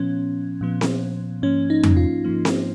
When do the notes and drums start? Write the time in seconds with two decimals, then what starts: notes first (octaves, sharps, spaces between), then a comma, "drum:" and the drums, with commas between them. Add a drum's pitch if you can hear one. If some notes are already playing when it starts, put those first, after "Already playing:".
Already playing: A#2 F3 B3 C#4
0.61 A#2 F3 B3
0.81 drum: snare C4
1.42 G#2 F3 A#3 C#4
1.70 D#4
1.83 drum: tom F2
1.97 F4
2.24 G#2 F3 A#3
2.45 drum: snare C4